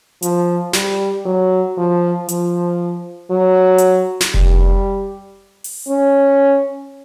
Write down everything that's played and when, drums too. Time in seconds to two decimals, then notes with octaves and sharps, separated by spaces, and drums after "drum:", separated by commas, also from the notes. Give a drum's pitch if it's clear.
0.22 F3, drum: hi-hat
0.73 G3, drum: snare
1.26 F#3
1.77 F3
2.29 F3, drum: hi-hat
3.31 F#3
3.78 drum: hi-hat
4.21 drum: snare
4.34 G3, drum: kick F1
5.64 drum: open hi-hat
5.88 C#4